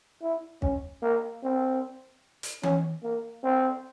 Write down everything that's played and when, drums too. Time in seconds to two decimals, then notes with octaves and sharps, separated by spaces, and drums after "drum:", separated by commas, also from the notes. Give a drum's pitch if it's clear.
0.22 E4
0.62 C#4, drum: kick
1.02 A#3
1.43 C4
2.43 drum: hi-hat
2.63 C#4, drum: tom E3
3.03 A#3
3.44 C4